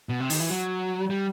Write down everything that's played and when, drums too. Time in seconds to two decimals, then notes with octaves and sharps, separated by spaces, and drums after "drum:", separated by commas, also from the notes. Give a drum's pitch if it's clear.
0.09 B2
0.20 C3
0.30 D#3, drum: open hi-hat
0.40 E3
0.50 F#3
1.10 G3